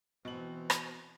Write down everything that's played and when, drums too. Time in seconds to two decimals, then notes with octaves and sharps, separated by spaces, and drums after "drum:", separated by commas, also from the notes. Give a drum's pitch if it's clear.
0.25 B2 E3 C4 F#7
0.70 drum: rim click